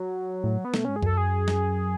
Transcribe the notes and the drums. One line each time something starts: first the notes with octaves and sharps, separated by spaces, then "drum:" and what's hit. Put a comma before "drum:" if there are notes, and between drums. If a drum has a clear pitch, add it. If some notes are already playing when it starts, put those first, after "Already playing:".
Already playing: F#3
A2
B3
B2 A3, drum: snare
G#2 C#4
G#4
F#2 A4, drum: kick C2
G#4
drum: snare